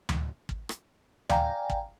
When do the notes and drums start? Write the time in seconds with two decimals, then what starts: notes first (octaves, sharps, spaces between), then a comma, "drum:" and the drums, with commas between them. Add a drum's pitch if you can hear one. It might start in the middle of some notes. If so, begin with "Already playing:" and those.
0.09 drum: tom D2
0.49 drum: kick
0.69 drum: rim click
1.29 D5 F5 G5 G#5 A#5, drum: tom D2
1.70 drum: kick